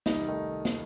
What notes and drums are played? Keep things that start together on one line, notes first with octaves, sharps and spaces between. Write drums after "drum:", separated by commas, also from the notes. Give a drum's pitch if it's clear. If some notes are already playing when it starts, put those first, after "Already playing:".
C2 D#4, drum: snare
D#3 A3
drum: snare